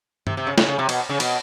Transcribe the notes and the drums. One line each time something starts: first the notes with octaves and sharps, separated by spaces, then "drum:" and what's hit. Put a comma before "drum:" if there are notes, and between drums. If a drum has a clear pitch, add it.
C3, drum: tom G2
C3
C#3
C#3, drum: snare
C#3
C3
B2, drum: cymbal
C#3
B2, drum: cymbal